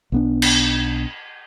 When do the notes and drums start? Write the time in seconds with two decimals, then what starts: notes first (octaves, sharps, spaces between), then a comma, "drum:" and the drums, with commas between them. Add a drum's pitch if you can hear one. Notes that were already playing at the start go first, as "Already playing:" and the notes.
0.12 B1 B3 D4
0.42 drum: cymbal